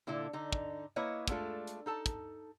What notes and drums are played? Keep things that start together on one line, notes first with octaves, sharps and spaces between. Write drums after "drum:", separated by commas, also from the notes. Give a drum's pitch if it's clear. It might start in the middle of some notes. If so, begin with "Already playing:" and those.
A#2 D3 E4 A4
D3 D#4
drum: kick
A#3 E4 B4 C#5 D#5
G#3 A3 B3 D4 F4 A4, drum: kick, hi-hat
drum: hi-hat
D#4 A4 A5
drum: kick, hi-hat